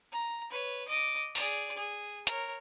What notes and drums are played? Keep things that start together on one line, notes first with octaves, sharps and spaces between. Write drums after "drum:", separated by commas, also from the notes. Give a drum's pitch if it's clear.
A#5
B4 C#5
D#5 D6
G#4 D5, drum: open hi-hat
G#4
A#4 C#5, drum: hi-hat